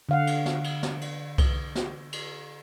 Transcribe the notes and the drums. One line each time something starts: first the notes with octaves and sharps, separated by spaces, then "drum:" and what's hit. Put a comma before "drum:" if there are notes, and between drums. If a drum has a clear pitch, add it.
D3 F5 F#5
drum: cymbal
drum: snare
drum: cymbal
drum: snare
drum: cymbal
drum: kick C2, cymbal
drum: snare
drum: cymbal